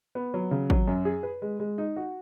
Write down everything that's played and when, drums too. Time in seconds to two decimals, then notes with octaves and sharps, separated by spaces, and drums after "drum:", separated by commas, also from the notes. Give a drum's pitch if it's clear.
0.15 B3
0.34 F#3
0.51 C#3
0.70 F#3, drum: kick
0.88 F#2
1.05 G#4
1.23 B4
1.42 G#3
1.60 G#3
1.78 D#4
1.96 F#4